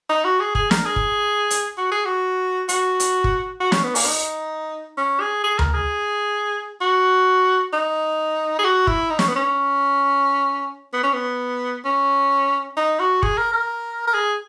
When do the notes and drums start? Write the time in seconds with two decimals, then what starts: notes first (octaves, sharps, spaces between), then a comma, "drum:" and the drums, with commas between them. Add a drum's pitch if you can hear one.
0.09 D#4
0.24 F#4
0.40 G#4
0.55 G#4, drum: kick
0.71 A#4, drum: snare
0.86 G#4
0.96 drum: kick
1.50 drum: hi-hat
1.78 F#4
1.92 G#4
2.05 F#4
2.69 F#4, drum: hi-hat
3.00 drum: hi-hat
3.24 drum: kick
3.60 F#4
3.72 C#4, drum: snare
3.84 B3
3.95 A#3, drum: open hi-hat
4.06 D#4
4.98 C#4
5.21 G#4
5.44 G#4
5.59 A#4, drum: tom D2
5.74 G#4
6.81 F#4
7.73 D#4
8.59 G#4
8.64 F#4
8.87 E4, drum: kick
9.10 D#4
9.19 C#4, drum: snare
9.28 B3
9.36 C#4
10.93 B3
11.03 C#4
11.13 B3
11.85 C#4
12.77 D#4
13.00 F#4
13.23 G#4, drum: kick
13.38 A#4
13.53 A#4
14.07 A#4
14.14 G#4